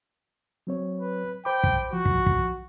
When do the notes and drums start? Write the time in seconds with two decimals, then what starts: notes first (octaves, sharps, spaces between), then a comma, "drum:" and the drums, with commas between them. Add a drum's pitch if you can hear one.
0.67 F#3 C4 C#5
1.01 B4
1.45 C5 G5 B5 D6
1.64 drum: kick
1.93 F3 F#4
2.05 drum: kick
2.26 drum: kick